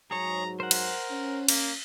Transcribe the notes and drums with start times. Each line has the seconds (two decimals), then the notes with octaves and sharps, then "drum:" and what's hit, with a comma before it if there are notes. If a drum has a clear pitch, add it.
0.11 G#2 F#3 G#4 C#5 A#5
0.60 A#4 C5 F#5
0.71 drum: cymbal
1.09 C#4
1.48 A#3, drum: cymbal